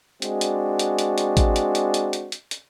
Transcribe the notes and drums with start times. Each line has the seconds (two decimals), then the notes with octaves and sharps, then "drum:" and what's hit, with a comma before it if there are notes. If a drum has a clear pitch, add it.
0.22 G#3 C4 D4 F#4, drum: hi-hat
0.41 drum: hi-hat
0.79 drum: hi-hat
0.99 drum: hi-hat
1.18 drum: hi-hat
1.37 drum: kick, hi-hat
1.56 drum: hi-hat
1.75 drum: hi-hat
1.94 drum: hi-hat
2.13 drum: hi-hat
2.32 drum: hi-hat
2.51 drum: hi-hat